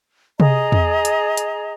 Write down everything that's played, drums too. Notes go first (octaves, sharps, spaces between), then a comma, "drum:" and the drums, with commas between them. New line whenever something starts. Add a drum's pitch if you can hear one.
G#4 D#5 A#5, drum: tom C3
drum: tom E2
drum: hi-hat
drum: hi-hat